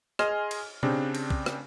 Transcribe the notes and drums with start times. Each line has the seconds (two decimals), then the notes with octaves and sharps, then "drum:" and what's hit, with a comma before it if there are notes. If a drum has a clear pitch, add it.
0.19 G#4 D#5 G#5 C6 F6, drum: rim click
0.51 drum: cymbal
0.83 C#3 C4 D4 G4, drum: tom B2
1.15 drum: cymbal
1.30 drum: kick
1.46 drum: rim click